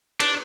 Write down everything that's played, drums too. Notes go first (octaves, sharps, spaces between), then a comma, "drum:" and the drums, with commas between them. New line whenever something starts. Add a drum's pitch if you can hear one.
D4, drum: cymbal